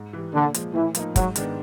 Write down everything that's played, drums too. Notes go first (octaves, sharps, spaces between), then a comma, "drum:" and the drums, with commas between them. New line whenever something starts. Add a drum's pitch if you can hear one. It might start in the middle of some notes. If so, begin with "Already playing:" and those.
Already playing: G#2
E3 G3
A#2 D3
F3 G#3, drum: hi-hat
A2 E3
F3 A#3 D#4, drum: hi-hat
G#2 F#3, drum: kick, hi-hat
D#3 G#3 B3 D4, drum: hi-hat